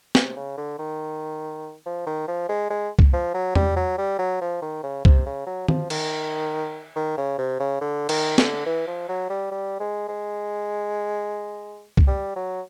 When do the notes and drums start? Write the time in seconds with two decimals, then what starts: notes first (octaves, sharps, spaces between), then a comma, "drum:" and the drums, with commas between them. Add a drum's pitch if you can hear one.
0.15 C3, drum: snare
0.36 C#3
0.57 D3
0.79 D#3
1.86 F3
2.07 D#3
2.28 F3
2.49 G#3
2.70 G#3
2.99 drum: kick C2
3.13 F3
3.34 F#3
3.55 G3, drum: tom E2
3.76 F#3
3.98 G3
4.19 F#3
4.41 F3
4.62 D#3
4.83 C#3
5.05 C3, drum: kick C2
5.26 C#3
5.47 F#3
5.68 F3, drum: tom D#3
5.90 D#3, drum: cymbal
6.96 D#3
7.17 C#3
7.38 C3
7.60 C#3
7.81 D3
8.09 D#3, drum: cymbal
8.38 D3, drum: snare
8.66 E3
8.87 F3
9.09 F#3
9.30 G3
9.52 G3
9.80 G#3
10.08 G#3
11.97 drum: kick C2
12.07 G3
12.36 F#3